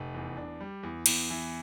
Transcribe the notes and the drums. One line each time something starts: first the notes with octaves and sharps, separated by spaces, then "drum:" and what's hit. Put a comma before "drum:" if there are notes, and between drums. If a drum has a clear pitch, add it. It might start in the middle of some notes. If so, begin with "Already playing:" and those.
Already playing: F1
E2
D4
G3
E2
E2, drum: cymbal
E3